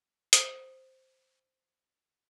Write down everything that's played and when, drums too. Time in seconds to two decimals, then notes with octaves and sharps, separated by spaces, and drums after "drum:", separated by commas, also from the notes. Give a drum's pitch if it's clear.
0.33 C5 D#6, drum: hi-hat